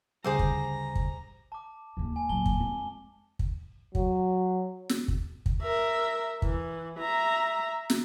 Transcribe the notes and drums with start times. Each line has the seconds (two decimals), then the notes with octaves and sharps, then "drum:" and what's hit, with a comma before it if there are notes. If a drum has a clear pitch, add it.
0.24 D2 C#3 G3 G#4 C5 A#5 D6
0.39 drum: kick
0.95 drum: kick
1.52 A5 D6
1.97 D#2 G#2
2.16 G#5
2.29 A#2 F#3 A5 G7
2.46 drum: kick
2.60 F2 G#3
3.39 drum: kick
3.95 F#3, drum: kick
4.89 drum: snare
5.08 drum: kick
5.46 drum: kick
5.62 A#4 E5
6.42 E3, drum: kick
6.99 E5 A#5
7.90 drum: snare